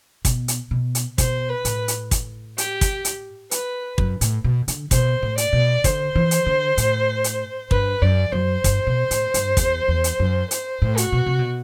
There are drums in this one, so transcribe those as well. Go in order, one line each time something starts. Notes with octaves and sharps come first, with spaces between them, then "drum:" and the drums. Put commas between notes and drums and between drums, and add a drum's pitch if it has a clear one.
B2, drum: kick, hi-hat
drum: hi-hat
B2
drum: hi-hat
B2 C5, drum: kick, hi-hat
B4
A2, drum: hi-hat
drum: hi-hat
drum: kick, hi-hat
G4, drum: hi-hat
drum: kick, hi-hat
drum: hi-hat
B4, drum: hi-hat
F#2, drum: kick
A2, drum: hi-hat
B2
D3, drum: hi-hat
B2 C5, drum: kick, hi-hat
A2
D5, drum: hi-hat
B2
D3 C5, drum: kick, hi-hat
E3
drum: hi-hat
D3
A2, drum: hi-hat
drum: hi-hat
G2 B4, drum: kick
F#2 D5
F#2 C5
G2, drum: kick, hi-hat
B2
A2, drum: hi-hat
G2, drum: hi-hat
E2, drum: kick, hi-hat
E2
drum: hi-hat
F#2
C5, drum: hi-hat
A2
F#4, drum: hi-hat
B2
C3
B2